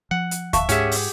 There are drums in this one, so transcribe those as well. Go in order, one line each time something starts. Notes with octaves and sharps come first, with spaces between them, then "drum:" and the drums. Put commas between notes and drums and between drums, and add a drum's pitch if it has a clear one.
F3 F#5
drum: hi-hat
E5 F5 A5 C#6, drum: kick D2, hi-hat
G#2 C#4 G4 G#4 E5 F#5, drum: hi-hat
drum: open hi-hat